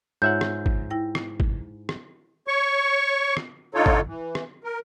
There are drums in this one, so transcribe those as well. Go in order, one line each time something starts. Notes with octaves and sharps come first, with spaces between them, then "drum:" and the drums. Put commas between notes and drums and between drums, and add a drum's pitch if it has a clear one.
G#2 F4 C#5 E5 F#5 G6
drum: rim click
drum: kick G#1
E4 G5 A#6
drum: rim click
drum: kick G#1
drum: rim click
C#5 C#6
drum: rim click
D3 D#4 F4 A4 C#5
drum: kick G#1
E3
drum: rim click
A#4